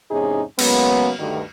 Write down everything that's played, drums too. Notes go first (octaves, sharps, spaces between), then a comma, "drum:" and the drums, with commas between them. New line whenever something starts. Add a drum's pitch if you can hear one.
E2 G#2 C3 C#4 D#4 G#4
C#3 F#3 G#3 A#3 B3, drum: cymbal
D2 G2 D#3